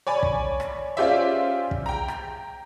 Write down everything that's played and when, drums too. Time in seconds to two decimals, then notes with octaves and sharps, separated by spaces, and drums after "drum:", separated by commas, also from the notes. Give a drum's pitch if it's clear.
0.07 C#5 D5 G#5 B5
0.23 drum: kick
0.60 drum: rim click
0.97 C#4 F4 G4 C5 D5 E5
1.71 drum: kick
1.86 G5 A#5
2.08 drum: rim click